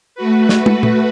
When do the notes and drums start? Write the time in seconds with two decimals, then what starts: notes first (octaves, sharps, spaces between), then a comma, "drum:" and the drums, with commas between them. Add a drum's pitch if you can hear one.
0.15 A3 F#4 B4
0.49 drum: snare
0.66 drum: tom
0.83 drum: tom